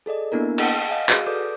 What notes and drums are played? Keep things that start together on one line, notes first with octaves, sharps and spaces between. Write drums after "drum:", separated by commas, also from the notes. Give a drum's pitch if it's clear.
G#4 A4 D5 D#5
A#3 B3 D4 E4 A#4
D#5 G5 A5, drum: cymbal
D#5 F5 G#5
F#4 G#4, drum: clap
A4 B4 D5 D6 D#6 G6